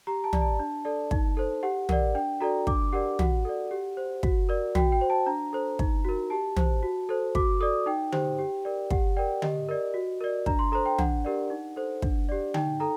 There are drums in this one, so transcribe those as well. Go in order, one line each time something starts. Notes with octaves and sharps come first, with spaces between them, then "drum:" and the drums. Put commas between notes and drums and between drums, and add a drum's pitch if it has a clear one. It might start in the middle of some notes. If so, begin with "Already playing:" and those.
G4 A#5
A5
D5, drum: tom
A5
D4
A4 D5
D#4, drum: kick
A4 C5
G4 F#5
A#4 D5 F#5, drum: tom
D4 G5
F#4 A4 D5 A#5
D4 D6, drum: kick
G4 A#4 D5 F#5
F#4 F#5, drum: tom
A4 D5
G4
C5
F#4, drum: kick
A#4 D5
F#4 G5, drum: tom
G5
C5
A5
D4 A#5
A4 C5
D#4, drum: kick
F#4 A#4
G4 A5
C5, drum: tom
F#4
A4 C5
F#4 D6, drum: kick
A4 D5 D#6
D#4 G5
G4 C5, drum: tom D3
G4
A#4 D5
G4 F#5, drum: kick
A#4 D5 G5
G4 D#5, drum: tom D3
A#4 D5
F#4
A#4 D5
D4 A#5, drum: kick
C6
A4 C5 A#5
G5
D4 F#5, drum: tom
G4 A#4 D5
D#4
A4 C5
D4, drum: kick
G4 D5
D#4 G5, drum: tom D3
A4 A#5